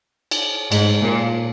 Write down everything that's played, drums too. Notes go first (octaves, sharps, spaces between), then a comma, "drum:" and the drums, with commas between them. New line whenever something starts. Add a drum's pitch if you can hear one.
drum: cymbal
G#2, drum: cymbal
A#2